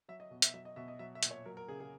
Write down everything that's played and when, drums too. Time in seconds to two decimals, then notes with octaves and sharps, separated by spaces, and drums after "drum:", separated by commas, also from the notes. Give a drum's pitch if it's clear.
0.08 F#3 E5
0.20 D#5
0.31 B2
0.42 E5, drum: hi-hat
0.54 F#3 E5
0.65 D#5
0.76 B2 E5
0.88 D#5
0.99 F#3 E5
1.15 E5
1.23 A#2, drum: hi-hat
1.31 C#5
1.46 F#3 A#4
1.57 A#4
1.68 C#3 G#4
1.80 G#4